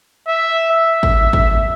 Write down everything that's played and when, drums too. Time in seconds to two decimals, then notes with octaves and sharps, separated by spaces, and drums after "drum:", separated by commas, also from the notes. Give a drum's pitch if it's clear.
0.28 E5
0.72 E5
1.03 drum: kick G#1
1.33 drum: kick G#1